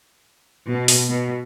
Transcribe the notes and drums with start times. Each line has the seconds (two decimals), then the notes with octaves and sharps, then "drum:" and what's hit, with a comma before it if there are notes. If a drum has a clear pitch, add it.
0.70 B2
0.88 drum: open hi-hat
1.08 B2